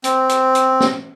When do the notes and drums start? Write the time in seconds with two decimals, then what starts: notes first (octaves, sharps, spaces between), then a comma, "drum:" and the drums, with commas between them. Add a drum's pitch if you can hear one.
0.04 C4, drum: hi-hat
0.29 drum: hi-hat
0.55 drum: hi-hat
0.80 drum: snare